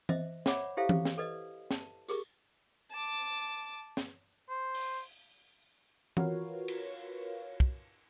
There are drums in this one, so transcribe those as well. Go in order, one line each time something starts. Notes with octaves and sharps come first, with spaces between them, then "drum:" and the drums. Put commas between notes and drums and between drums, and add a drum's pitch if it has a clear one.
C5 D#5 E5, drum: tom E3
C#5 D5 E5 F#5 B5 D6, drum: snare
E4 G4 A4 C5 E5 F5
drum: tom E3
drum: snare
A4 B4 D5 D#5
A5, drum: snare
G4 G#4 A#4 C#6, drum: tambourine
A5 D6
drum: snare
C5
drum: open hi-hat
F4 F#4 A#4 B4 C#5 F5, drum: tom E3
drum: cymbal
drum: kick